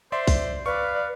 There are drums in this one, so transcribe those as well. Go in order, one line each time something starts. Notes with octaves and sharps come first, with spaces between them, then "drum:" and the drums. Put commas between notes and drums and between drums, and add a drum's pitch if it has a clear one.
C5 D5 E5 C6
drum: kick B1, open hi-hat
B4 D5 F5 C#6